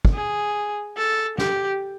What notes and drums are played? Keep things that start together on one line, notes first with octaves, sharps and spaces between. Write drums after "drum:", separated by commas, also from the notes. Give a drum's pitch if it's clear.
drum: kick
G#4
A4
G4, drum: snare